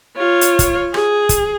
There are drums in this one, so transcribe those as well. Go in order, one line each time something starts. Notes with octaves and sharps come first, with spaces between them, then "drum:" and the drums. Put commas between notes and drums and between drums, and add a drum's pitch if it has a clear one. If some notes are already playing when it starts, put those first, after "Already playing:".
F4 C#5
drum: hi-hat
drum: kick, hi-hat
G#4, drum: rim click
drum: kick, hi-hat